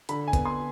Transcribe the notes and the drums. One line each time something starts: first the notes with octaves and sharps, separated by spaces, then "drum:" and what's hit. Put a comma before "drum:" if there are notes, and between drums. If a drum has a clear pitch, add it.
D3 B5, drum: hi-hat
G#5
B3, drum: kick G#1, hi-hat
C6